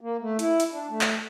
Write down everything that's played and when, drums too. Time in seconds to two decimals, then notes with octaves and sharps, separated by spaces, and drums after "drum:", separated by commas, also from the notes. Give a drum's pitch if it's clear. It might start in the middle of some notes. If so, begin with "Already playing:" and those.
0.01 A#3
0.21 A3
0.39 E4, drum: hi-hat
0.60 drum: hi-hat
0.71 D4
0.90 A3
1.01 drum: clap